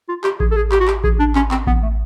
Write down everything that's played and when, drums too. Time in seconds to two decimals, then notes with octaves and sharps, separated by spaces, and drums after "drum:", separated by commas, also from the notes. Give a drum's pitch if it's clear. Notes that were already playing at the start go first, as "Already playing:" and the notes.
0.09 F4
0.24 G4, drum: clap
0.40 G#4, drum: kick A1
0.51 A4
0.56 G#4
0.72 G4, drum: clap
0.80 F#4
0.88 G4, drum: clap
1.04 G#4, drum: kick A1
1.19 D4
1.35 C#4, drum: clap
1.51 C4, drum: clap
1.67 B3, drum: kick A1
1.83 A3